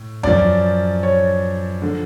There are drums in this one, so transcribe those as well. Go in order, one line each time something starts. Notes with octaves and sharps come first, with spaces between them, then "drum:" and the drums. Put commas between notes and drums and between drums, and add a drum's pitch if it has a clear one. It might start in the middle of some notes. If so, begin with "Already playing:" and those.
Already playing: A2
F#2 F3 D5, drum: tom E2
C#5
D3 F3